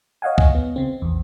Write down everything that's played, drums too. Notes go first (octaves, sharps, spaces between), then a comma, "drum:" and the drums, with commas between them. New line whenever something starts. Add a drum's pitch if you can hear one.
C#5 D#5 F5 F#5 G#5
D#5, drum: kick
B3
C#3 C4
A#1 E2